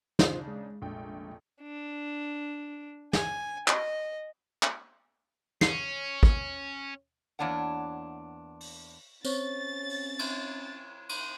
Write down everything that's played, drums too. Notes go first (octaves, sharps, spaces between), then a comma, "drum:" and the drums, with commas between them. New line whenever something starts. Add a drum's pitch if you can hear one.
C#3 D4 D#4 F4 C5, drum: snare
G#3
F1 A#1 G5
D4
G#5, drum: snare
D#5, drum: clap
drum: clap
C#4 C7, drum: snare
drum: kick
E2 A#3 D4 C#5 F#5
drum: open hi-hat
C4 C#4 C5 C#5 C#6 A6, drum: tambourine
drum: open hi-hat
drum: cymbal
drum: cymbal